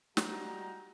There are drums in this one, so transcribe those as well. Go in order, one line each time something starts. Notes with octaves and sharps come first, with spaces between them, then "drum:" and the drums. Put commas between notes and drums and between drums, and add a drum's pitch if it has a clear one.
G3 G#3 F#4 G5 A#5, drum: snare